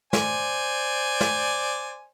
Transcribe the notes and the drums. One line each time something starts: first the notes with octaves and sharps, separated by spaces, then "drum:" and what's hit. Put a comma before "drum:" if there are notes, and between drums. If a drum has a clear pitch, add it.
C5 D5 G#5, drum: snare
drum: snare